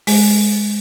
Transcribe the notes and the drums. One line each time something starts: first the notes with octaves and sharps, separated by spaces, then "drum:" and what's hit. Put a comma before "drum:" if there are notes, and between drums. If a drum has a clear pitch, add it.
G#3, drum: open hi-hat